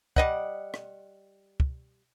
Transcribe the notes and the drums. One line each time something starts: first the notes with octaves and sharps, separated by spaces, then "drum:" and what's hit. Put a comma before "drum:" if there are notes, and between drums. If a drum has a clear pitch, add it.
G3 D#5 F#5, drum: kick
drum: rim click
drum: kick